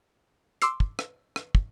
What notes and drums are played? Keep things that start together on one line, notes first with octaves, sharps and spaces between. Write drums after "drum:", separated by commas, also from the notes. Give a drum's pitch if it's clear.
C6 D6 E6 C7, drum: hi-hat
drum: kick
drum: rim click
drum: rim click
drum: kick